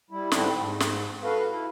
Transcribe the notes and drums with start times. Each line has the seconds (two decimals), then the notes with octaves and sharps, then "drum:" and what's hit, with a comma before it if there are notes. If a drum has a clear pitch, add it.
0.11 G3 E4
0.32 G#2 D3 G3 C4 D4 E4, drum: snare
0.59 G#2
0.80 drum: snare
1.24 F#4 A4 B4 F5
1.50 E4